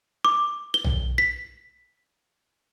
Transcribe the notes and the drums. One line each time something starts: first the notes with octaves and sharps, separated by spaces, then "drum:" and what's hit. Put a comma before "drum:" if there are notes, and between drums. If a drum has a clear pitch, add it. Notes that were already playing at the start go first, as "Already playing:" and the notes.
D6
G7
drum: tom
B6